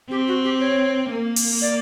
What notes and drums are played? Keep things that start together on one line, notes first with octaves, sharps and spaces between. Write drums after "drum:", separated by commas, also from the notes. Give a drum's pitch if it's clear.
C4 G4
F#4
G4
C#5
A#3
drum: open hi-hat
D5